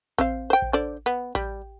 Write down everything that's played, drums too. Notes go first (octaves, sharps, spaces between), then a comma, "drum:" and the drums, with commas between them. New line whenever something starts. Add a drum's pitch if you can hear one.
C4 C5 F5, drum: kick A1
C5 G5
drum: kick A1
D3 C5 D5
B3
G3, drum: kick A1